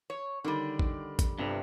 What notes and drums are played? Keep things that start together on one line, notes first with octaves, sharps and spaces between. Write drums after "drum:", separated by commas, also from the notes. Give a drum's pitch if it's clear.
C#5
D3 D#3 G3
drum: kick
drum: kick, hi-hat
G1 G2 C3